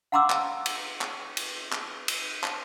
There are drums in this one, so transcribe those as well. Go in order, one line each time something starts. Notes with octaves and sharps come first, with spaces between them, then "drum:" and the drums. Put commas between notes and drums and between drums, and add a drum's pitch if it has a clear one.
F5 F#5 A#5 C6 D6 E6
drum: clap
drum: cymbal
drum: clap
drum: cymbal
drum: clap
drum: cymbal
drum: clap